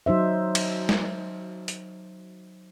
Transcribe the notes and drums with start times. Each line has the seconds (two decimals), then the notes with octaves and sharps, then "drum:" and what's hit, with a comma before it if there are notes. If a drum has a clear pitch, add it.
0.06 F#3 D#4 C5 E5
0.55 drum: cymbal
0.89 drum: snare
1.68 drum: hi-hat